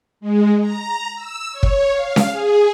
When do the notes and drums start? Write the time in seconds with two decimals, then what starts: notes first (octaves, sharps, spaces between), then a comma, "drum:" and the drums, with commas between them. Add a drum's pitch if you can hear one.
0.21 G#3
0.60 A#5
1.15 E6
1.51 C#5
1.63 drum: kick
1.91 F5
2.16 drum: snare C#4
2.29 G#4